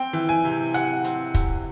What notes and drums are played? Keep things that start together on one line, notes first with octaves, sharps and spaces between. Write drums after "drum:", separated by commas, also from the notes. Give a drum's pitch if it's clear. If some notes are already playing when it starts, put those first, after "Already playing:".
Already playing: C4 G5
E3
G#5
C3
C3 F#5, drum: hi-hat
C4, drum: hi-hat
C3, drum: kick, hi-hat